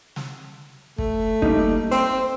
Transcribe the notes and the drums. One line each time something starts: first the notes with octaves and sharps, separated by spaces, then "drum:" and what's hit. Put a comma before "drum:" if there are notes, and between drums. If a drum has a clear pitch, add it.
drum: snare
A3, drum: kick
G3 A#3 D#4, drum: kick
C4 C5, drum: hi-hat